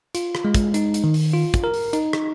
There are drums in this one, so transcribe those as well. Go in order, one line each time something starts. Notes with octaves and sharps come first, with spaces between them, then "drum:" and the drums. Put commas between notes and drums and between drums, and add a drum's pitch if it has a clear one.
F4, drum: hi-hat
drum: rim click
G#3
drum: kick, hi-hat
D#4, drum: hi-hat
drum: hi-hat
D#3
drum: open hi-hat
F4
drum: kick, hi-hat
A#4
drum: open hi-hat
D#4, drum: hi-hat
drum: rim click